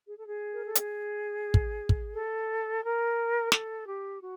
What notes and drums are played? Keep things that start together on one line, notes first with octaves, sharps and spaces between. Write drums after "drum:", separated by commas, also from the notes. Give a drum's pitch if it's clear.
G#4
A4
G#4
A#4
A4
G#4, drum: hi-hat
drum: kick
drum: kick
A4
A#4
A4, drum: snare
G4
F#4